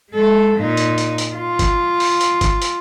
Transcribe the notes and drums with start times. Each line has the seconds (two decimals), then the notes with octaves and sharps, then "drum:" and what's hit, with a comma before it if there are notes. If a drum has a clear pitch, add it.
0.10 G#3 A4
0.57 A#2 D#4
0.77 drum: hi-hat
0.98 drum: hi-hat
1.18 drum: hi-hat
1.35 F4
1.59 drum: kick G1, hi-hat
2.00 drum: open hi-hat
2.21 drum: hi-hat
2.41 drum: kick G1, hi-hat
2.62 drum: hi-hat